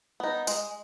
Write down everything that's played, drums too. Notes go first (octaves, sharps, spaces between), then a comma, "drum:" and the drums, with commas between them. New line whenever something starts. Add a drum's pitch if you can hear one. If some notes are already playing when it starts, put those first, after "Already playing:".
B3 D#4
G#3, drum: tambourine